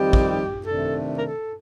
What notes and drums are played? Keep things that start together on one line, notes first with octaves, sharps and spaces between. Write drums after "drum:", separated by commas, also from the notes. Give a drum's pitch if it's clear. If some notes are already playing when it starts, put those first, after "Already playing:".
Already playing: F2 D#3 G3 C4 D#4 G4
drum: kick
C3 D#3 A3 D4 A4
A#4
A4